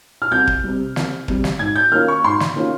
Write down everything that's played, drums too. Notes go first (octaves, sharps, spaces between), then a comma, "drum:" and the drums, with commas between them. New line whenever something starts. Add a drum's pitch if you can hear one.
F6
C2 G6
drum: kick
C3 G3
C2, drum: snare
C3 G3, drum: kick
drum: snare
G#2 G#6
G6
D#3 A#3 C#4 F4 F6
C#6
G#2 C6
drum: snare
D#3 A#3 C#4 F4